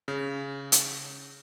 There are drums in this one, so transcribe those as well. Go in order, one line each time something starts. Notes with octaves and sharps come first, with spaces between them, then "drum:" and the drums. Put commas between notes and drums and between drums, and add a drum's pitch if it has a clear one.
C#3
drum: hi-hat